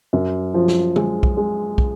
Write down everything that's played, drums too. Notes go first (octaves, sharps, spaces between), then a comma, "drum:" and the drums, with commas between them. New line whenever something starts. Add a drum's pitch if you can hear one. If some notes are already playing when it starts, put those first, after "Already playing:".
F#2
F3
drum: snare
G#3, drum: tom
drum: kick
G#3
drum: kick